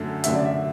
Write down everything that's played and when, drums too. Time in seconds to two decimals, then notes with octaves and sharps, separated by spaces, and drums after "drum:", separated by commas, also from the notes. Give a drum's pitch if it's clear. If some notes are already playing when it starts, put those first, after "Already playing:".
Already playing: F#2 D3 A3
0.24 F#2 D3 A3 E5, drum: hi-hat
0.34 D5
0.46 E5